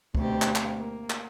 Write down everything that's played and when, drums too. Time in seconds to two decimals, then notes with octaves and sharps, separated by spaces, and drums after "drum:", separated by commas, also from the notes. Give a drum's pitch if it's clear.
0.15 D2 B2 C4 G4, drum: kick
0.42 drum: clap
0.55 drum: clap
0.79 A#3
1.10 drum: clap